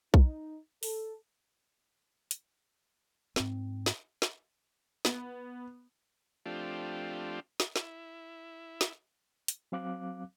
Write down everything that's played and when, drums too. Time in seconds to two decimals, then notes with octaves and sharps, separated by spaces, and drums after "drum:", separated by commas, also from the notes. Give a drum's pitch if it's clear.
0.14 D#4, drum: kick B1
0.83 A4, drum: open hi-hat
2.31 drum: hi-hat
3.36 G#2 C4, drum: snare
3.86 drum: snare
4.22 drum: snare
5.05 B3, drum: snare
6.46 F3 A3 C4 D4 F4 G4
7.60 drum: snare
7.76 E4, drum: snare
8.81 drum: snare
9.48 drum: hi-hat
9.72 F#3 C4 F5 D6 F#6